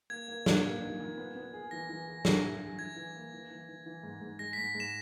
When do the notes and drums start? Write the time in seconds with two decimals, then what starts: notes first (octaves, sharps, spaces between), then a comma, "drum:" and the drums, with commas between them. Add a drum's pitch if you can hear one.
0.10 A#3 G#6
0.28 A#3
0.46 A#2, drum: snare
0.64 A#3
0.81 D#4
1.00 A#2
1.17 B3
1.36 B3
1.54 G#4
1.71 E3 A#6
1.89 E3
2.08 G#4
2.25 E4, drum: snare
2.43 E4
2.60 G#4
2.79 E4 G#6
2.96 E3
3.15 A#3
3.33 E3
3.51 E3
3.69 E3
3.86 E3
4.03 G#2
4.21 G#2
4.39 G#3 A#6
4.53 G#2 B6
4.75 G#2
4.80 E7